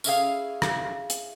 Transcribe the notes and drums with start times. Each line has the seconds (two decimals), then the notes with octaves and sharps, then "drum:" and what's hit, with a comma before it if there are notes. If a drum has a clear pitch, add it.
0.04 C#4 E4 G#4 F5, drum: tambourine
0.62 drum: rim click
1.10 drum: hi-hat